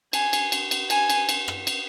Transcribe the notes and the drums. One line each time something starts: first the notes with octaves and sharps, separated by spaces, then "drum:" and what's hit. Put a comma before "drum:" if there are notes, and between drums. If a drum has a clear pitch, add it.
G#5, drum: cymbal
drum: cymbal
drum: cymbal
drum: cymbal
G#5, drum: cymbal
drum: cymbal
drum: cymbal
drum: rim click
drum: cymbal